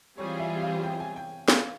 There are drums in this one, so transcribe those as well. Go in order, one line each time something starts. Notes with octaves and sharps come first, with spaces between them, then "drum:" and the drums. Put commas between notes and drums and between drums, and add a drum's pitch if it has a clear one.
E3 G3 C4 F4 G#4 C#5
E5
F5
G5
G#5
G5
F5, drum: snare